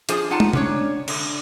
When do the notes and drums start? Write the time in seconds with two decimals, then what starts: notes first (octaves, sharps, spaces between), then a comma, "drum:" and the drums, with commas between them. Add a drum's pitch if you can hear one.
0.09 F3 D4 G#4 C5 G#5, drum: hi-hat
0.31 D#4 F4 F#5 A5
0.40 drum: tom
0.53 C#4 D4 C#5, drum: tom C3
1.08 D3, drum: cymbal